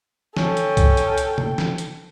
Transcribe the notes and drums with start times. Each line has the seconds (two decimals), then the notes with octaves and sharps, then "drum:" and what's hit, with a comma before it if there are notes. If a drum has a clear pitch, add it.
0.37 C#4 A4 G5, drum: snare
0.57 drum: hi-hat
0.77 drum: kick, hi-hat
0.97 drum: hi-hat
1.18 drum: hi-hat
1.38 drum: tom
1.58 drum: snare
1.78 drum: hi-hat